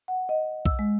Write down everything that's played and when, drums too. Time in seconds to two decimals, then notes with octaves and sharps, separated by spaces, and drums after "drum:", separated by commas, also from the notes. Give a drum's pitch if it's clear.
0.08 F#5
0.29 D#5
0.66 E6, drum: kick B1
0.79 G#3